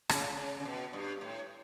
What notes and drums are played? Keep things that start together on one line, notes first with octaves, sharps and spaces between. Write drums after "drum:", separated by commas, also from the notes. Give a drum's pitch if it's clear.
C#3, drum: rim click
C#3
C#3
B2
G2
A2